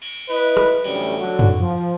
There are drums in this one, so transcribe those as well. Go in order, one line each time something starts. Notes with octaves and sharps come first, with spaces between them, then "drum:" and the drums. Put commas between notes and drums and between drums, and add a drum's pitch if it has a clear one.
drum: cymbal
E4 B4 D#5, drum: cymbal
drum: rim click
A1 D2 D3 F#3 G3 C#4, drum: cymbal
D3 F#3 F#4
drum: tom
F3